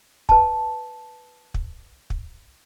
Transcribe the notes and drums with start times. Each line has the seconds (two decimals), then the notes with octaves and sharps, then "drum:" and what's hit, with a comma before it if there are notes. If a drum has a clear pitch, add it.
0.29 B4 A5, drum: kick
1.54 drum: kick
2.10 drum: kick